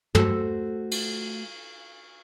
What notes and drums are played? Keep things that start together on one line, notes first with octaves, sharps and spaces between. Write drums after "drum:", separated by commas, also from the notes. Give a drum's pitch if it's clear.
A3 F#4 A4 C5, drum: tom
drum: cymbal